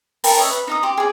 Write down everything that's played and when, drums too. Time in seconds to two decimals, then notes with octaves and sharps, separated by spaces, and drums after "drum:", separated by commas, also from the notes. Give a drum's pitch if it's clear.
0.24 A#4 G5 A5 B5, drum: open hi-hat
0.37 C#5 D#5 E5
0.50 B4
0.67 D#4 A#5 D#6
0.83 G4 C6
0.97 G#4 D5